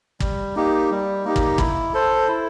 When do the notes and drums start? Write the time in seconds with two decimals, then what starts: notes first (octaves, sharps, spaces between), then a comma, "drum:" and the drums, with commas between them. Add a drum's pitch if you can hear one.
0.21 G3, drum: kick
0.56 A#3 D#4 G4
0.91 G3
1.25 A#3 D#4 G4
1.36 drum: kick
1.58 E4, drum: kick
1.94 A4 C5
2.28 E4